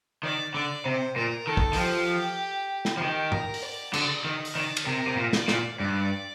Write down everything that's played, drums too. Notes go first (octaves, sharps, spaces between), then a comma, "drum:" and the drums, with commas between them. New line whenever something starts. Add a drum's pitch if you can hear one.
D#3 D5
D3 D5
C3 C5
A#2 A#4
D#3 A4
drum: kick
D#3, drum: open hi-hat
F3 G4
drum: snare
F3
D#3 G4
A#4, drum: tom
drum: open hi-hat
D5
D3 D5, drum: cymbal
D#3 D#5
drum: open hi-hat
D#3 D5
drum: cymbal
C3 A#4
C3
A#2
D5, drum: snare
A#2, drum: snare
G2 D5